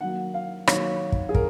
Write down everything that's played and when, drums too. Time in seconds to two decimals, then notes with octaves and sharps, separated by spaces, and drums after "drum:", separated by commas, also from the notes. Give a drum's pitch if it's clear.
0.01 D#3 F#3 A#3 F#5
0.34 F5
0.67 D#3 F#3 A#3 C#5, drum: rim click
1.12 drum: kick
1.29 G#4
1.35 A#4, drum: kick